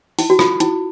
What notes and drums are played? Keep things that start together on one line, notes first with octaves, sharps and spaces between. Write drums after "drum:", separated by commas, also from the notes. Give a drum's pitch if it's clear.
E4, drum: open hi-hat
F#4
F4, drum: rim click
E4, drum: hi-hat